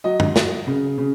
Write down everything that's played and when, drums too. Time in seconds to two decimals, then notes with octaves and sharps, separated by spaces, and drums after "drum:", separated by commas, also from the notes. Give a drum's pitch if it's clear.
0.04 F#3 D#5
0.20 drum: tom
0.36 F#3, drum: snare
0.67 C#3
0.98 C#3